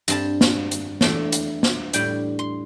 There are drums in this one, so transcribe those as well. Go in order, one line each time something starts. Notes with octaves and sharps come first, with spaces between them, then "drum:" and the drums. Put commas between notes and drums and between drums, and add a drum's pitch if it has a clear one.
G2 G3 C4 A5, drum: hi-hat
drum: snare
drum: hi-hat
E2 E3 A3 D4, drum: snare
drum: hi-hat
drum: snare
A2 G3 D4 G5, drum: hi-hat
C6